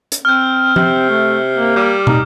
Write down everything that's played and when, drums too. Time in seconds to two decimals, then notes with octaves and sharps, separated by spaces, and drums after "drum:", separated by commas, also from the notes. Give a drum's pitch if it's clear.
0.12 drum: hi-hat
0.25 C4 F6 G6
0.76 C3 C4, drum: tom F3
1.09 A3
1.57 A#3
1.76 G3 D6 G6
2.07 D#4, drum: tom